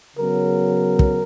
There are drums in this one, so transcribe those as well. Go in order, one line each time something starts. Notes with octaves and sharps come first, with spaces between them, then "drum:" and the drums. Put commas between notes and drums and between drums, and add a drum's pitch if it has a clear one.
C#3 F#3 B3 A#4
drum: kick